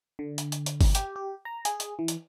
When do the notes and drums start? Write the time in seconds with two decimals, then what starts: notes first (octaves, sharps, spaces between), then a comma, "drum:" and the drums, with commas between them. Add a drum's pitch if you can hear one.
0.19 D3
0.38 drum: hi-hat
0.52 drum: hi-hat
0.66 drum: hi-hat
0.81 drum: kick G1, open hi-hat
0.95 G4, drum: hi-hat
1.16 G4
1.45 A#5
1.65 G#4, drum: hi-hat
1.80 drum: hi-hat
1.99 E3
2.08 drum: hi-hat